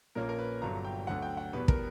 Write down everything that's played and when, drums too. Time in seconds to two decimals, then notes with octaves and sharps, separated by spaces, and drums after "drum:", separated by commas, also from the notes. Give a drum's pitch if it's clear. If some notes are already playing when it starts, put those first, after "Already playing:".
0.15 A#1 A#2 A#3 C#4 A#4
0.29 A#4
0.39 B4
0.61 G1 G2 D3 F#3 A#5
0.85 G5
1.07 D2 D3 F#3 F#5
1.22 G5
1.37 F#5
1.53 E2 B2 G3 B3 B4
1.68 A#4, drum: kick